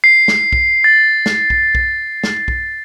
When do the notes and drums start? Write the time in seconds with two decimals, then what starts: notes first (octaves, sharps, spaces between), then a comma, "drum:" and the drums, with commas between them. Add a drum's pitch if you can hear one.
0.04 C7
0.28 drum: snare
0.53 drum: kick B1
0.84 A6
1.26 drum: snare
1.50 drum: kick B1
1.75 drum: kick B1
2.24 drum: snare
2.48 drum: kick B1